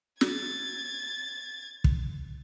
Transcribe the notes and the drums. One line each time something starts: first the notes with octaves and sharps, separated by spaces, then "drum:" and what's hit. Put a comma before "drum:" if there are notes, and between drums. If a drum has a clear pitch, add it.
G#6 A6, drum: snare
drum: kick